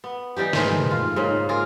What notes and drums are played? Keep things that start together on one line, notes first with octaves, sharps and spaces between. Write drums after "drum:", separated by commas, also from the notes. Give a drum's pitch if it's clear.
B3
E3 G3 D#4 G4
G#2 D#3 E3 A3, drum: snare
drum: tom
F4
G#2 C#3 A#3
F4 G#4 A#4